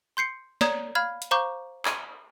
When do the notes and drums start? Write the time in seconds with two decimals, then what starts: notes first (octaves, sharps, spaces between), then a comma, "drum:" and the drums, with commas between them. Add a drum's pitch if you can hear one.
0.17 C6 G6 C7 C#7
0.61 C#5 D5 A#5 D#6 G#6, drum: snare
0.95 F5 B5 F6 G#6
1.22 drum: hi-hat
1.31 C5 F5 A#5 C#6 D6 G6
1.85 G#6 D#7, drum: clap